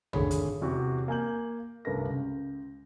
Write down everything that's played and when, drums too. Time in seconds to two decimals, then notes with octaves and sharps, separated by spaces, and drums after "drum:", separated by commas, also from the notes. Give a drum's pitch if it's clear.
0.13 G#1 D3 A3 G#4 C#5 B5, drum: tom
0.31 drum: hi-hat
0.62 E2 C3 F#4
1.08 A#3 G#5 G6 F#7
1.85 C2 G2 A3 A#4 B4 A#6
2.07 C#2